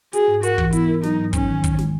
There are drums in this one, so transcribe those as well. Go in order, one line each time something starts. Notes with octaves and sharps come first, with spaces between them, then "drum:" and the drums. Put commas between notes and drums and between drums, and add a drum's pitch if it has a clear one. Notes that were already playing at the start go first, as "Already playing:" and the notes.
F#4 G#4, drum: hi-hat
G#2
F#4 A#4, drum: hi-hat
E3, drum: kick
B3 E4, drum: hi-hat
A#4
F#3 D#4, drum: snare
G#2
C#4 D#4, drum: kick, hi-hat
D#3
D#3, drum: kick, hi-hat
G#3, drum: snare